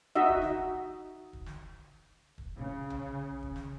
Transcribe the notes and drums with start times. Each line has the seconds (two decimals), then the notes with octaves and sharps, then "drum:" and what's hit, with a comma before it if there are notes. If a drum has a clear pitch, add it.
0.15 D#4 F#4 D#5 E5
0.29 drum: kick
0.42 drum: snare
1.33 drum: kick
1.46 drum: snare
2.38 drum: kick
2.57 C#3
2.90 drum: tom B1
3.43 drum: kick
3.56 drum: snare